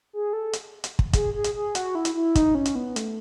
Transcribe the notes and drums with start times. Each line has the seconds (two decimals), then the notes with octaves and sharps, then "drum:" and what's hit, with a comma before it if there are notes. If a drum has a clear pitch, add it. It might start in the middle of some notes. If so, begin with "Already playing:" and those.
0.13 G#4
0.33 A4
0.53 drum: hi-hat
0.84 drum: hi-hat
0.99 drum: kick
1.13 G#4, drum: kick, hi-hat
1.34 G#4
1.44 drum: hi-hat
1.54 G#4
1.75 F#4, drum: hi-hat
1.95 E4
2.05 drum: hi-hat
2.14 E4
2.35 D#4, drum: kick, hi-hat
2.55 C#4
2.65 drum: hi-hat
2.75 B3
2.96 A3, drum: hi-hat